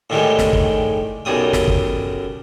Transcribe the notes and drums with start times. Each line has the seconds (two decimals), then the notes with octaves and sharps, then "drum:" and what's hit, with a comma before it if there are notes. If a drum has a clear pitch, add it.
0.10 A2 D#3 G3 G#3
0.39 drum: snare
0.53 drum: kick
1.25 B1 F#2 G3 D#6
1.53 drum: snare
1.68 drum: kick